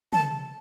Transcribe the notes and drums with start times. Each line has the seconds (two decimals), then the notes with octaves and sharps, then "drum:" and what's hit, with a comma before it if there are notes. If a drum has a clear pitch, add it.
0.13 A5, drum: tom